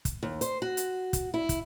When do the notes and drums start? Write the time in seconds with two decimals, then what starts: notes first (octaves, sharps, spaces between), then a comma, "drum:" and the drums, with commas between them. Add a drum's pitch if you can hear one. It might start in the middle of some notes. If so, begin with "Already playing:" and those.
0.05 drum: kick, hi-hat
0.23 D#2
0.41 C5, drum: hi-hat
0.62 F#4
0.77 drum: hi-hat
1.13 drum: kick, hi-hat
1.34 E4
1.49 drum: kick, hi-hat